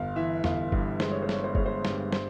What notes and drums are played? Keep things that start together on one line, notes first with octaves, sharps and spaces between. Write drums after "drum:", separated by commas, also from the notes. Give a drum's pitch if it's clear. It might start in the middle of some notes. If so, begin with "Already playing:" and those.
Already playing: G1 F5
E3 E5
G1 F5, drum: snare
G2, drum: kick
G#3 C5, drum: snare
C#5
C5
G#3 C#5, drum: snare
C5
G#3 C#5, drum: kick
C5
G2, drum: snare
C5, drum: snare